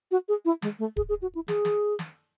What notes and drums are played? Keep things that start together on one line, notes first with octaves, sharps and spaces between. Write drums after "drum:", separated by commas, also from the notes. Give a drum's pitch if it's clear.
F#4
G#4
E4
G#3, drum: snare
A3
G#4, drum: kick D1
G#4
F#4
E4
G#4, drum: snare
drum: snare
drum: snare